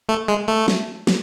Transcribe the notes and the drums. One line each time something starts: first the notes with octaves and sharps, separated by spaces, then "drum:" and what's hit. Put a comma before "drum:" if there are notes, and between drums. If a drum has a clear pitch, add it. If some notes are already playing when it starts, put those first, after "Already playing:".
A3
G#3
A3
drum: snare
drum: snare